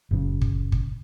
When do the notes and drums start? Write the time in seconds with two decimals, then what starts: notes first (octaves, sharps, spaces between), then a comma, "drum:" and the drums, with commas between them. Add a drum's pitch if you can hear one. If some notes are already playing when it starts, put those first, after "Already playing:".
0.11 F#1 C#3
0.41 drum: kick
0.72 drum: kick